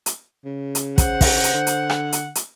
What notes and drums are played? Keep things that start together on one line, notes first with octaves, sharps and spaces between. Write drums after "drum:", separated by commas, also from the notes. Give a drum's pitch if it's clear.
drum: hi-hat
C#3
drum: hi-hat
C5 F#5, drum: kick, hi-hat
drum: kick, open hi-hat
drum: hi-hat
D3
drum: hi-hat
drum: rim click
drum: hi-hat
drum: hi-hat